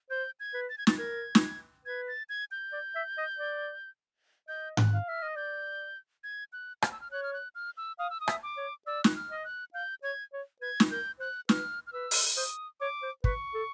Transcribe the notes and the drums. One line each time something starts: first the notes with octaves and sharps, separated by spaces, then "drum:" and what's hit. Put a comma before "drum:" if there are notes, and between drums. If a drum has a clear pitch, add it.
C5 G6
G#6
B4
A6
G#6
A6, drum: snare
A#4 G#6
drum: snare
B4 G#6
A6
G#6
G6
D5
E5
D#5
D5
D#5 G6
F#6, drum: tom G#2
F5
E5 F6
D#5
D5 G6
G#6
F#6
F6, drum: rim click
E6
F6
C#5 F#6
F6
F#6
F6
E6
F5 D#6
E6
D#6
E5, drum: rim click
D6
C#5
D5 E6
F#6, drum: snare
F6
D#5
F#6
F5 G6
C#5 G#6
C#5
B4 G#6
drum: snare
A#4 G6
C5 F#6
B4 F6, drum: snare
F6
B4 E6
drum: open hi-hat
C5 D#6
C#5 D6
C5
B4 C#6, drum: kick
A4